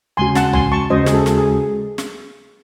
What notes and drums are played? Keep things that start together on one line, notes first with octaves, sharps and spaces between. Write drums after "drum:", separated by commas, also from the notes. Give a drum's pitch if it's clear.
D#2 C#3 G#3 C#4 F#4 G#5 C6
F#5 A5, drum: snare
G#5 C6, drum: tom
A5 C#6
D#2 C#3 G#3 C#4 F#4 C5 D#5
G#4, drum: snare
A4
drum: snare
G#4
drum: snare